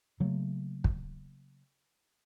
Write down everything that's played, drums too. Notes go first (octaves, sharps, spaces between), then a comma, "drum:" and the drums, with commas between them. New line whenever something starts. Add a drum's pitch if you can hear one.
C#3 F#3 A3 A#3
drum: kick